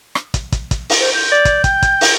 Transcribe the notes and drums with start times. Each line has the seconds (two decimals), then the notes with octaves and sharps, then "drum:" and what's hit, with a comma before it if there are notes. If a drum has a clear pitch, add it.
0.15 drum: rim click
0.34 drum: kick, hi-hat
0.52 drum: kick, hi-hat
0.71 drum: kick, hi-hat
0.90 drum: open hi-hat
1.00 C5
1.14 G6
1.32 D5
1.45 drum: kick, hi-hat
1.64 G5, drum: kick, hi-hat
1.82 drum: kick, hi-hat
2.01 drum: open hi-hat